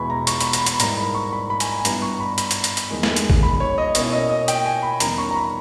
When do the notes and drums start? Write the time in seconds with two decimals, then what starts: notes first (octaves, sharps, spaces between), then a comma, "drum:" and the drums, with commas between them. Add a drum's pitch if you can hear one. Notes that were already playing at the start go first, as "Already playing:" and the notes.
Already playing: E2 B2 G#3 B3 E4 B5 C#6
0.10 A#5
0.27 C#6, drum: hi-hat
0.41 B5, drum: hi-hat
0.53 B5, drum: hi-hat
0.66 B5, drum: hi-hat
0.80 G#2 G3 A#3 E4 A#5, drum: hi-hat
0.98 B5
1.15 C#6
1.33 B5
1.50 B5
1.60 G#5, drum: hi-hat
1.68 A#5
1.79 G#5
1.85 G2 G3 B3 E4 A#5, drum: hi-hat
2.02 C#6
2.20 B5
2.38 B5, drum: hi-hat
2.51 drum: hi-hat
2.64 drum: hi-hat
2.77 drum: hi-hat
2.90 E2 D#3 G#3
3.03 drum: snare
3.16 drum: hi-hat
3.30 drum: kick A1
3.43 B5
3.60 C#5
3.78 D#5
3.95 B2 A#3 C#4 E4 C#5, drum: hi-hat
4.13 D#5
4.30 D#5
4.48 G5, drum: hi-hat
4.65 G#5
4.83 B5
5.00 E2 D#3 G3 C#4 A#5, drum: hi-hat
5.18 C#6
5.31 A#5
5.36 B5